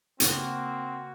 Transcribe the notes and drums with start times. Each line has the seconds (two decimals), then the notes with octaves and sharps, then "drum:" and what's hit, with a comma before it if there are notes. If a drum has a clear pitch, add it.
0.20 C#3 A#3 C4 F#4, drum: hi-hat